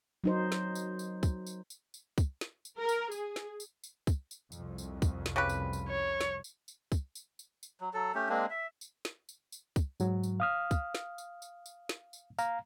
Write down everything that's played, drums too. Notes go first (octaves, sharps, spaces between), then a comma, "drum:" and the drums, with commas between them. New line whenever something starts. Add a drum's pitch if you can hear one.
F#3 D#4 C5
drum: snare
drum: tambourine
drum: tambourine
drum: kick, tambourine
drum: tambourine
drum: tambourine
drum: tambourine
drum: kick, tambourine
drum: snare
drum: tambourine
A#4
drum: tambourine
G#4, drum: tambourine
drum: snare
drum: tambourine
drum: tambourine
drum: kick, tambourine
drum: tambourine
C2 F2, drum: tambourine
drum: tambourine
drum: kick, tambourine
drum: snare
C#3 G4 B4
drum: tambourine
drum: tambourine
C#5
drum: snare
drum: tambourine
drum: tambourine
drum: kick, tambourine
drum: tambourine
drum: tambourine
drum: tambourine
F#3
F#3 A4
A3 C#4 G4
G#3 A#3 C4 D4
E5
drum: tambourine
drum: snare
drum: tambourine
drum: tambourine
drum: kick, tambourine
G#2 F#3, drum: tambourine
drum: tambourine
F5 D#6 F6
drum: kick, tambourine
drum: snare
drum: tambourine
drum: tambourine
drum: tambourine
drum: snare
drum: tambourine
F5 A#5, drum: tambourine